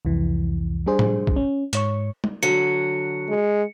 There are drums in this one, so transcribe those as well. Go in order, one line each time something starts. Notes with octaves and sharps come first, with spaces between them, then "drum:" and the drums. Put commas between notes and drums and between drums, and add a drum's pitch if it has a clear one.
C2 F2 E3
G3 D4 G#4 C5
drum: tom A2
drum: kick
C#4
G#2 C#5 C#6, drum: hi-hat
drum: tom G3
D3 F#3 C#7
G#3